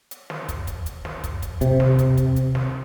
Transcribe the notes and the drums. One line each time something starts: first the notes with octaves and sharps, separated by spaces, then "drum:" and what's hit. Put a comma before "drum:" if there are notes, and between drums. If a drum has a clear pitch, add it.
drum: hi-hat
drum: snare
drum: kick, hi-hat
drum: kick, hi-hat
drum: hi-hat
drum: snare
drum: kick, hi-hat
drum: kick, hi-hat
C3, drum: hi-hat
drum: snare
drum: kick, hi-hat
drum: kick, hi-hat
drum: hi-hat
drum: snare